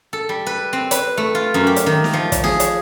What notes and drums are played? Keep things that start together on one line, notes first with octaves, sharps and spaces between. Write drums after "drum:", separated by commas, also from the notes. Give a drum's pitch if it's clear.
A4
G3
B4
C4
B4, drum: hi-hat
A3
F4
F#2
G4
drum: hi-hat
D#3
drum: snare
F3
drum: kick, hi-hat
G#4, drum: snare
drum: hi-hat